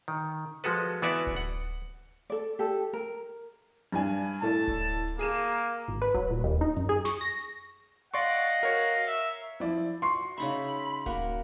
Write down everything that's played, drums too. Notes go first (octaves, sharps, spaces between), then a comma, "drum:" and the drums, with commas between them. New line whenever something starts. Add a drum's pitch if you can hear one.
D#3
F3 G#3 F#4 A4 B4, drum: hi-hat
E3 B3 F#4 B4 D5 E5
drum: kick D1
F#5
A4 D5
G4 A4
A#4
G2 D4 G#5, drum: hi-hat
A2 A4 D5 A5
drum: kick D1
drum: hi-hat
A#3 G#4 D#7 E7
G#1
B4
F#3, drum: kick D1
A#2
D#2
D#4
F#2, drum: hi-hat
G#4
C#6, drum: snare
A#6
drum: hi-hat
D5 D#5 F5 F#5 C6 C#6
F#4 A#4 C#5
E5
F3 E4 D5
F#4 C6 C#6 C7
C#3 D#4 E5 B5
A#3 F#4 A#4, drum: kick D1